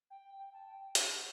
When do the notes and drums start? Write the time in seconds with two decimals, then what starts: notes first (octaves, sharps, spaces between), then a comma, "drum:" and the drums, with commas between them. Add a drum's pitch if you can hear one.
0.10 G5
0.38 G5
0.53 A5
0.67 G5
0.95 F#5, drum: hi-hat